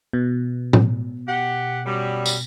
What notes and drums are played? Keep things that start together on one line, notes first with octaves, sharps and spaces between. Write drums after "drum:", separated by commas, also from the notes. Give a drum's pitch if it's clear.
B2
drum: tom
G4 F#5
F#2 G3
drum: tambourine